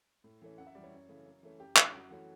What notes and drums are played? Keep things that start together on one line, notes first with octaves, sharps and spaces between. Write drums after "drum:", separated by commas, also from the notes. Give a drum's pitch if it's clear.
A2
E3 A3 C#4
F#2 F#5
E5
E3 G3 D5
C#5
F#2
C#3 E3 A3 C#4
F#2
E3 A3 C#4
F#2 G4
D3 G3 C#4 E4, drum: clap
F#2 F#4
E3 A3 C#4 F#4